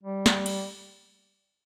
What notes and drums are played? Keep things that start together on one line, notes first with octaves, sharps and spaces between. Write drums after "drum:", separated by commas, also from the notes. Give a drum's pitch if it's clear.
G3
drum: snare
drum: cymbal